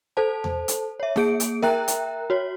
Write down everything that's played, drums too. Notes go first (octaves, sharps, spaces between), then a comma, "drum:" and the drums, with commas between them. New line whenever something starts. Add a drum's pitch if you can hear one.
A4 C5 A5
drum: tom E2
drum: hi-hat
C#5 E5
A#3 G#4 D7, drum: snare
drum: hi-hat
A#4 E5 G5 A#5 F#6, drum: snare
drum: hi-hat
F#4 C#5